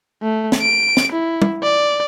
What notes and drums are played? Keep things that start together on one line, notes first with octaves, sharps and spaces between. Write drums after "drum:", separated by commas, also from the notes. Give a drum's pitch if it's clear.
A3
drum: snare
D7
drum: snare
E4
drum: tom
D5